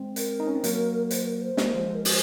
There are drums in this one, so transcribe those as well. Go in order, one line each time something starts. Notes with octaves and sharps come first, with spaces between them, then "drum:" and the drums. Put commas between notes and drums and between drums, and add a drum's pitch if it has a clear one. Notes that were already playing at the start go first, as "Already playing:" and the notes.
Already playing: G#3 C4
A#4, drum: hi-hat
D#4
C#4
C4
F#3 A#3, drum: hi-hat
A#4
C5, drum: hi-hat
A#4
C5
G#3, drum: snare
A#3
F3 G#3
A#4
C5, drum: open hi-hat